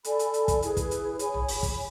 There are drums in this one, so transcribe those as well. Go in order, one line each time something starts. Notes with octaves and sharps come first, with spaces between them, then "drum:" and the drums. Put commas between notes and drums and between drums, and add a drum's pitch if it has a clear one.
A4 D5 G#5 B5, drum: hi-hat
drum: hi-hat
drum: hi-hat
drum: kick, hi-hat
E4 G#4 B4, drum: hi-hat
drum: kick, hi-hat
drum: hi-hat
G#4 C#5 G#5 B5, drum: hi-hat
drum: tom
drum: open hi-hat
drum: kick, hi-hat